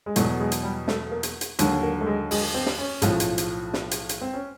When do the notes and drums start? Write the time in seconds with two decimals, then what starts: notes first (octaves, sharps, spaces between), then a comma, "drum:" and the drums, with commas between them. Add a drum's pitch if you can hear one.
0.06 G#3
0.16 E2 B2 F#3 A3, drum: hi-hat
0.40 G#3
0.52 drum: hi-hat
0.63 G3
0.88 A3, drum: snare
1.11 A#3
1.23 drum: hi-hat
1.41 drum: hi-hat
1.59 D#2 D3 F#3, drum: hi-hat
1.83 A#3
2.01 A3
2.06 G#3
2.31 G#3, drum: open hi-hat
2.54 C4
2.66 drum: snare
2.78 C#4
3.02 B1 A2 F3, drum: hi-hat
3.20 drum: hi-hat
3.38 drum: hi-hat
3.74 drum: snare
3.91 drum: hi-hat
4.09 drum: hi-hat
4.21 C4
4.33 C#4